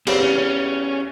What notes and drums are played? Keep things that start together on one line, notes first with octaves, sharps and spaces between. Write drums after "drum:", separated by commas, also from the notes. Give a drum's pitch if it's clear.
E2 C#3 G3 C4, drum: cymbal
C#4
C#4